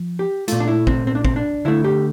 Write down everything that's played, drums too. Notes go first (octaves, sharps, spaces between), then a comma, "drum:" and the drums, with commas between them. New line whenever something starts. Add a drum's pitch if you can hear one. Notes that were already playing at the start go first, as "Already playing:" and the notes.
Already playing: F3
G4
A#2 A3 F4, drum: hi-hat
D4
E4
C4, drum: kick
C4
D4
C4, drum: kick
D4
D3 A3 E4
G4